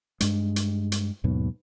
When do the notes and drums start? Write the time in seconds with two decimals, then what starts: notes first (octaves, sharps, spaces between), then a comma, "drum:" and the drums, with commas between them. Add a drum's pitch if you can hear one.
0.20 G2 G#3, drum: hi-hat
0.56 drum: hi-hat
0.92 drum: hi-hat
1.24 D#2 G#2 B2 F#3